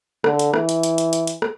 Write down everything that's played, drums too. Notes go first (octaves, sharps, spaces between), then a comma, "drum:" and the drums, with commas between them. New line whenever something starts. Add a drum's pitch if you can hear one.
D3, drum: rim click
drum: hi-hat
E3, drum: rim click
drum: hi-hat
drum: hi-hat
drum: hi-hat
drum: hi-hat
drum: hi-hat
drum: rim click